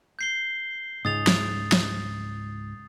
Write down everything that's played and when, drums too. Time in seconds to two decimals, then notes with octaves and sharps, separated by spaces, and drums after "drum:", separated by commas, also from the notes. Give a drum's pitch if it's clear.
0.19 G6 C7 G7
1.05 C#2 G#2 D#6 A6 F7
1.27 drum: snare
1.72 drum: snare